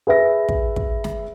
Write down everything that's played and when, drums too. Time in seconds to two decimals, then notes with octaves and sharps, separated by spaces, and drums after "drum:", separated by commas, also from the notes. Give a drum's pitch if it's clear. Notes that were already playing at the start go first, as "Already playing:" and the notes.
0.07 G#4 B4 E5 A#6
0.49 drum: kick
0.76 drum: kick
1.04 drum: snare